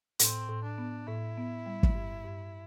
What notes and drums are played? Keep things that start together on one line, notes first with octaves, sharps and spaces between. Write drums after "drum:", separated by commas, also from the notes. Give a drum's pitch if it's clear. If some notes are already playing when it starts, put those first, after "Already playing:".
A2 C4, drum: hi-hat
A2
D4
B3
A2 E4
B3
G3
drum: kick
G2
G2